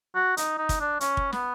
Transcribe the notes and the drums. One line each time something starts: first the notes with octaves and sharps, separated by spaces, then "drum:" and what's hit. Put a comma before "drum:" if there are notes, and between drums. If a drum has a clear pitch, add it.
F#4
D#4, drum: hi-hat
D#4
drum: kick, hi-hat
D4
C#4, drum: hi-hat
drum: kick
B3, drum: snare